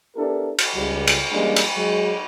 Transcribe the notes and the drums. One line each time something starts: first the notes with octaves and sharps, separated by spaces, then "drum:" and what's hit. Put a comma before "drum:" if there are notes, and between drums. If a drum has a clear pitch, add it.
B3 D4 E4 G4 A4 A#4
drum: cymbal
C#2 C#3 G3
drum: cymbal
E3 G3 G#3 A#3 C#4 D4
drum: cymbal
F#3 G#3